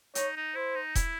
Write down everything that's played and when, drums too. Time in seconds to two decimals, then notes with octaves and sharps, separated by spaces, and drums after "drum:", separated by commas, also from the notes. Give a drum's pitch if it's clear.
0.15 D#4 C#5, drum: hi-hat
0.36 D#4
0.55 E4 C5
0.75 D#4
0.95 E4, drum: kick E1, hi-hat